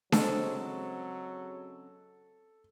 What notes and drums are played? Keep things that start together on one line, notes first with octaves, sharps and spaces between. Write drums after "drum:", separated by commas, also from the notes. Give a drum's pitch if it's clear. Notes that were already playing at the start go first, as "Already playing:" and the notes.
C#3 F#3 G#3 C4 A4, drum: snare D4